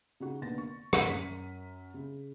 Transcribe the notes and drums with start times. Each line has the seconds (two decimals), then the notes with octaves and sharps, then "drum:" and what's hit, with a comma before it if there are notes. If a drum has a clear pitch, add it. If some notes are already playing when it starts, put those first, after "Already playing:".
0.20 C#3 D#4 F#4
0.42 F1 D3 A#3 B3 A6 A#6
0.58 C#6
0.93 drum: rim click
1.06 F#2 C#4 A#4 B6 D#7
1.94 C#3